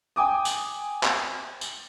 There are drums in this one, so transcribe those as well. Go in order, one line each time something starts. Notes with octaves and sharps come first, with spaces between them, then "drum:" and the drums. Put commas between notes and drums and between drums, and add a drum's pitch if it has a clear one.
G5 G#5 D6 D#6
drum: tambourine
drum: clap
drum: tambourine